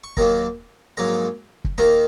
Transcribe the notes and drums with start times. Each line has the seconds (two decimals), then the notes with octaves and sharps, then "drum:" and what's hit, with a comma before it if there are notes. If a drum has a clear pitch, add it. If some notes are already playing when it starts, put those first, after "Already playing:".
0.04 C#6
0.17 D#2 D#3 F#3 A#3 A#5, drum: kick
0.97 A#1 G#2 F#3 A#3 A#5
1.64 drum: kick
1.78 D#2 D#3 A#3 A#5, drum: snare